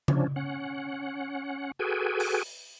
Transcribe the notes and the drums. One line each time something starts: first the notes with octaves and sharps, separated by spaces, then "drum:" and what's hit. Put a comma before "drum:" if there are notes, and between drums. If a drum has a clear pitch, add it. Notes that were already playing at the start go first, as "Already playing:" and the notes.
F3 C#4 D4, drum: tom C#3
C#4 F#5
F#4 G#4 A4 B4 G5 G#5
drum: open hi-hat